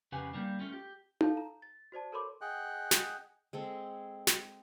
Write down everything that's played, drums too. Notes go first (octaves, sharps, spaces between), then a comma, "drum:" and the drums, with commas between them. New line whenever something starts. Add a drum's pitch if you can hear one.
F2 C#3 G4 B4 F#5 G#5
G3 A#3 D4
A3 C#4 F4
G4
A4 F5 A5 G6, drum: tom D#4
A#5
A6
F#4 C5 D5 A5
A4 A#4 C#5 B5 C6 D6
G#4 D#5 F#5 G5 F#6
drum: snare
G#3 C4 A4
drum: snare